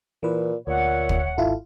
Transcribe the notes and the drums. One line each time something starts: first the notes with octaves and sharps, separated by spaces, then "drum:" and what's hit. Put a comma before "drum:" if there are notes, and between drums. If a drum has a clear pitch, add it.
A#2 E3 B4
D2 A#2 C#5 E5 F#5
drum: kick
G#1 E4 F4 A4